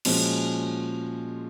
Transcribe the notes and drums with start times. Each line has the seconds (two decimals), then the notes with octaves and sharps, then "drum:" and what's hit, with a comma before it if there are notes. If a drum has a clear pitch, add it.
0.05 A#2 F3 G#3 C#4 F#4, drum: cymbal